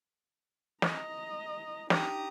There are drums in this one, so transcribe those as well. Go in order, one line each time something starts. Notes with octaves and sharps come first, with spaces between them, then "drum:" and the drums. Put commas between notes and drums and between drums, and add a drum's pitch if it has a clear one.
D#5 A#5, drum: snare
D4 D#4 G4 A#5 D#6, drum: snare